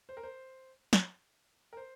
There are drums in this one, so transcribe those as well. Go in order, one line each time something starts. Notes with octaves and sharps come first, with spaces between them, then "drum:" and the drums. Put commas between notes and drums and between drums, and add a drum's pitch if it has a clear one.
C5
A#4
C5
drum: snare
A#4
C5